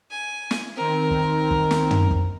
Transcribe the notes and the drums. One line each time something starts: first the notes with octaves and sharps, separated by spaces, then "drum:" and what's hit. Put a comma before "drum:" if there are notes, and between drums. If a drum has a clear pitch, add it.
G#5
drum: snare
D#3 C4 A#4
drum: kick
drum: kick
drum: snare
drum: tom
drum: kick